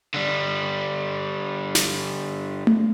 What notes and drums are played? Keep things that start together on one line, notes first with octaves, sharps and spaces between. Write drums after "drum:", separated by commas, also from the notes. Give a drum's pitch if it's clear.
D3 G3
drum: snare
drum: tom A3